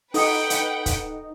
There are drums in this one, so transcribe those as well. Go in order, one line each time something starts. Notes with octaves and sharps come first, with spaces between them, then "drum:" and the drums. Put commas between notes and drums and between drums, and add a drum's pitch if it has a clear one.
D#4 A4 B4 F#5 G5 D#6 C#7, drum: open hi-hat
drum: hi-hat
drum: kick, hi-hat